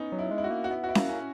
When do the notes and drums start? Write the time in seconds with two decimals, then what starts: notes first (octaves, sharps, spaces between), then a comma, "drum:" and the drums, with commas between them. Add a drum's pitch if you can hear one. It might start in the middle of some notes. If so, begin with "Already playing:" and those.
Already playing: B3 C#4 D#4
0.12 F#3
0.19 E4
0.31 G#3
0.38 E4
0.44 F#4
0.50 A#3
0.64 F#4
0.71 B3 E4
0.84 F#4
0.89 E4
0.95 A#3, drum: snare C#4
1.09 C#4